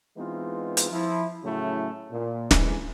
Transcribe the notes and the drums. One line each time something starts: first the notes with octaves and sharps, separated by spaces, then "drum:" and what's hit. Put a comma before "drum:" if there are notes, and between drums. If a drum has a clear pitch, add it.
E3 G#3 B3 C4 D#4 F4
drum: hi-hat
F3 E4
A2 C#3 F#3 A3 C#4 E4
A#2
F2 C#3 E3 G#3, drum: snare